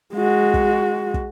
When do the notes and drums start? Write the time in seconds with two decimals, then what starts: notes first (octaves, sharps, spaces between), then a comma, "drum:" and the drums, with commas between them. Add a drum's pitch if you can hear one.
0.14 G#3 F#4
0.54 drum: kick
1.14 drum: kick